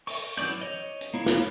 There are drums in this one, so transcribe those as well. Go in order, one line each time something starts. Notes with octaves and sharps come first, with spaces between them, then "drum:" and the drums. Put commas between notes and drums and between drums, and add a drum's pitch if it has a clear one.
C#6, drum: open hi-hat
E3 F#3 C#4 D5 G6, drum: hi-hat
C#5 D#5
drum: hi-hat
A#3 E4 C#5 F5
drum: snare